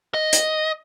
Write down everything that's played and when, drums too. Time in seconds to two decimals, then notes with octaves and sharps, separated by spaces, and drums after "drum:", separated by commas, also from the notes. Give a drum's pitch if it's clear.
0.14 D#5
0.33 drum: hi-hat